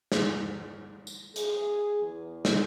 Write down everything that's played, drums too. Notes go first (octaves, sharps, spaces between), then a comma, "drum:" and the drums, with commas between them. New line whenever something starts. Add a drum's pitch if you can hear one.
drum: snare
drum: tambourine
G#4, drum: hi-hat
E2
drum: snare